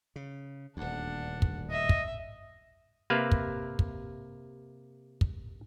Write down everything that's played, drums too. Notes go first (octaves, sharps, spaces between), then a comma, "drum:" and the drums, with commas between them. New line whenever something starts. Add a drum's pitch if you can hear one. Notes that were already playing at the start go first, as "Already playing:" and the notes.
C#3
D#1 D2 D4 F#5
drum: kick
D#5 E5
drum: kick
C3 A#3 B4 E5 F5
drum: kick
drum: kick
drum: kick